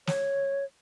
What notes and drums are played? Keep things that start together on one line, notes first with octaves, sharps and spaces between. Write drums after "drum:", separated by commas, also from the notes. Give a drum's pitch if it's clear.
C#5, drum: snare